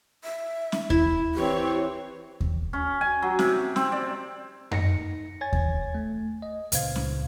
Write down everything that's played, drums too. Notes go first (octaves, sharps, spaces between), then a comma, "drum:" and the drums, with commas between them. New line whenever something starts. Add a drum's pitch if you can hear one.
E5
drum: snare C#4
E4, drum: kick D#2
E3 C4 G4 C#5
drum: kick D#2
C#4
G#5
F#3
C3, drum: snare C#4
C4, drum: snare C#4
D5
D#4 A#6 C#7, drum: tom F#2
C#5 G#5 G#6 A6
drum: kick D#2
A3
D#5
C#2 A#2 C#3 C5 F5 G#6, drum: hi-hat
drum: snare C#4